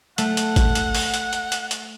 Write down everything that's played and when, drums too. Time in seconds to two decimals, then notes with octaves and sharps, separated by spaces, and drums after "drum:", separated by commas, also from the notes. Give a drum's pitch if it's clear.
0.18 A3 F#5, drum: hi-hat
0.37 drum: hi-hat
0.56 drum: kick, hi-hat
0.75 drum: hi-hat
0.95 drum: open hi-hat
1.14 drum: hi-hat
1.33 drum: hi-hat
1.52 drum: hi-hat
1.71 drum: hi-hat